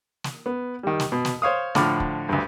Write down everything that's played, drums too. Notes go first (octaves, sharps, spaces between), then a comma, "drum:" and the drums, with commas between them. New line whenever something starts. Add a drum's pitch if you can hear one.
drum: snare
B3
D#3 G3
drum: snare
B2
drum: snare
C5 C#5 F5 D#6
A2 D3 F3 B5 D6 F6, drum: snare
drum: kick
D2 G2